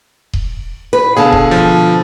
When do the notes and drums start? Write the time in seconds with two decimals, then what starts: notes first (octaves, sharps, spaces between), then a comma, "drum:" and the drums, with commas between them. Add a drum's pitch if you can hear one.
0.33 drum: kick D#1
0.93 B4
1.17 B2 D3 G#4 F5 A5
1.32 drum: kick D#1
1.51 F3